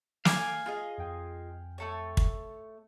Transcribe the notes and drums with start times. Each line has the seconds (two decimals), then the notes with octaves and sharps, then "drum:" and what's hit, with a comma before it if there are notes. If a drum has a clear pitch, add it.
0.25 F5 G#5 A5 D6, drum: snare
0.66 F4 G#4 D#5
0.98 F2 G5
1.78 A3 A4 C#5
2.17 drum: kick